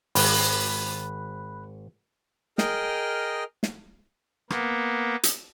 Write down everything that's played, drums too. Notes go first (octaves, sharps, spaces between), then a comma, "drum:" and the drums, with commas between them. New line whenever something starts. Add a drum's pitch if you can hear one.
G#1 B5 F#6, drum: open hi-hat
G#4 A#4 D#5 G5 D#6 F6, drum: snare
drum: snare
A#3 B3, drum: rim click
drum: hi-hat